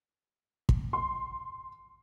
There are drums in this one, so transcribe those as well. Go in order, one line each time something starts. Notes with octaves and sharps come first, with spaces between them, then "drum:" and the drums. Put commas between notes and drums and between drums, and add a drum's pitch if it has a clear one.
drum: kick
C6